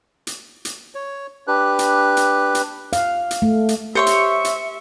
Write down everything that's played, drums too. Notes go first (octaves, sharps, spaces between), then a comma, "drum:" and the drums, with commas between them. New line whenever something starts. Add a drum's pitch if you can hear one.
drum: hi-hat
drum: hi-hat
C#5
D4 G4 B4 F#6
drum: hi-hat
drum: hi-hat
drum: hi-hat
F5, drum: hi-hat
drum: hi-hat
A3
drum: hi-hat
G4 C5 C#5 E5 C6 C#6 C#7
drum: hi-hat
drum: hi-hat